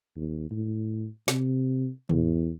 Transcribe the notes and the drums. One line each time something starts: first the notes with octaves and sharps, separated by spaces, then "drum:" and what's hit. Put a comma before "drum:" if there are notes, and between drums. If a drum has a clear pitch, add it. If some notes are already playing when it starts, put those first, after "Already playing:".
D#2
A2
C3, drum: snare
E2, drum: tom